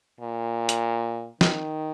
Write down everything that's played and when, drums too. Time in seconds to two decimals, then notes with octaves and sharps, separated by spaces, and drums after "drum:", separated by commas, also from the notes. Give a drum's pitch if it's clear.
0.20 A#2
0.69 drum: hi-hat
1.41 D#3, drum: snare